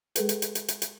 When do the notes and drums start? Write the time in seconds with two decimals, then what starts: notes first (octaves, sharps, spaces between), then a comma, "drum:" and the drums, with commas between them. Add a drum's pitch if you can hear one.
0.16 G#3 G#4 A4 B4, drum: hi-hat
0.29 drum: hi-hat
0.42 drum: hi-hat
0.55 drum: hi-hat
0.68 drum: hi-hat
0.82 drum: hi-hat